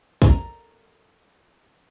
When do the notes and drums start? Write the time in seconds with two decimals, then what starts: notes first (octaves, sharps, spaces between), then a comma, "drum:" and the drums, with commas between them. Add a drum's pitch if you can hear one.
0.22 A4 A#4 D5 D#5 A#5, drum: kick